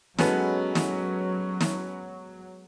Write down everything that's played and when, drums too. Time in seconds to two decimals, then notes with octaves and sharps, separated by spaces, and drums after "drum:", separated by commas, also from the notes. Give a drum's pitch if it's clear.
0.19 F#3 G#3 B3 C#4 F#4 A4 B4, drum: snare
0.75 drum: snare
1.61 drum: snare